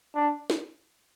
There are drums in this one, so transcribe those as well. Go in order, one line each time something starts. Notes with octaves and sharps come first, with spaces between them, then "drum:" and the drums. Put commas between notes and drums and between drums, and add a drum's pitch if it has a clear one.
D4
drum: snare